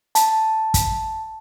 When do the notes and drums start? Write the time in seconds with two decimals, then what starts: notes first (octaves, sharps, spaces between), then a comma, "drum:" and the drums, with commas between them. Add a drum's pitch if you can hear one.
0.15 A5, drum: hi-hat
0.74 drum: kick, hi-hat